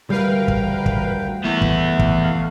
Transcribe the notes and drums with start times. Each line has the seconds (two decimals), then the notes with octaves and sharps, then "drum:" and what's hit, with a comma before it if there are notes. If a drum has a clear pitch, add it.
0.10 D2 G3 A#4 B4 F5 G5
0.48 drum: kick
0.86 drum: kick
1.44 E3 A3 B3 E5
1.62 drum: kick
1.99 drum: kick
2.23 F5